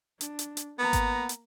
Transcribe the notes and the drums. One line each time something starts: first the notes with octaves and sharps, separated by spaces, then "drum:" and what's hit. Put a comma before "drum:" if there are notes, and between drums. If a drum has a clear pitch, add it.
D4, drum: hi-hat
drum: hi-hat
drum: hi-hat
A#3 B3 A#5
drum: kick G#1, hi-hat
drum: hi-hat